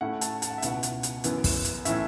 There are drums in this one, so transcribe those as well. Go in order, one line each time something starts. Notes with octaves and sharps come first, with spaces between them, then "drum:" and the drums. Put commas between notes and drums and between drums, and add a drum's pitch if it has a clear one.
A2 A3 C#4 E4 F#5
A5, drum: hi-hat
A5, drum: hi-hat
F#5
E5
C#2 B2 B3 E4 F#5, drum: hi-hat
drum: hi-hat
drum: hi-hat
F#2 E3 B3 E4, drum: hi-hat
drum: kick, open hi-hat
drum: hi-hat
A2 E3 C#4 E4 E5, drum: hi-hat